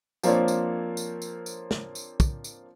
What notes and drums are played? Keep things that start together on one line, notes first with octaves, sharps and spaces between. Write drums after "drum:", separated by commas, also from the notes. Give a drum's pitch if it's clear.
F3 A#3 C4 D4 A#4 C#5, drum: tambourine
drum: tambourine
drum: tambourine
drum: tambourine
drum: tambourine
drum: snare
drum: tambourine
drum: kick, tambourine
drum: tambourine